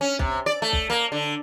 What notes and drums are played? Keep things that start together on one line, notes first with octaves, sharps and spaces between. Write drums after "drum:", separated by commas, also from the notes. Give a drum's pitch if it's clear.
C#4
C3, drum: kick
D5
A3
drum: kick
A#3
D3